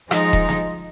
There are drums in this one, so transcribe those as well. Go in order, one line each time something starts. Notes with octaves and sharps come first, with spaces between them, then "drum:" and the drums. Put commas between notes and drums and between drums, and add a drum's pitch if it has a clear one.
F3 G#3 D#4, drum: rim click
drum: kick D#1
drum: snare